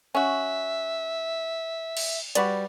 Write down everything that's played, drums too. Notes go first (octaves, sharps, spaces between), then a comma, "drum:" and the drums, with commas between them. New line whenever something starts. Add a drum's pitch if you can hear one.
C#4 F#4 E5
drum: cymbal
G3 F#4 B4 D5, drum: hi-hat